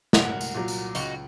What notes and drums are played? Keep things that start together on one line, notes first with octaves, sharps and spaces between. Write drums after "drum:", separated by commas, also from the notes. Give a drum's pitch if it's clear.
C2 F#4 A#4, drum: snare
drum: tambourine
A#2 F#3
drum: tambourine
C#2 D#4 F#4, drum: tambourine